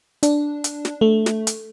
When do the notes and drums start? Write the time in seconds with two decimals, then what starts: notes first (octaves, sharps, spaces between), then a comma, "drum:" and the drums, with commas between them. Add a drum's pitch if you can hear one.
0.23 D4, drum: hi-hat
0.64 drum: hi-hat
0.85 drum: snare
1.01 A3
1.26 drum: snare
1.47 drum: hi-hat